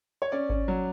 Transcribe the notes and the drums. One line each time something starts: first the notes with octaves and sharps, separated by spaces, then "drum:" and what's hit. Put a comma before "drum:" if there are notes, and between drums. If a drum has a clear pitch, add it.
C#5
C#4 D5
C#4, drum: kick G#1
F#3